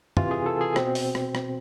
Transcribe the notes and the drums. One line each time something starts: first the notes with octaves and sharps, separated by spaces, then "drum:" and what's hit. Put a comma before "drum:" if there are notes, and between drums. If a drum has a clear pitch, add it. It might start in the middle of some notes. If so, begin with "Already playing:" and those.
C3 E3 F4, drum: tom
G#4
A4
G#4
B2 C4, drum: rim click
drum: open hi-hat
drum: rim click
drum: rim click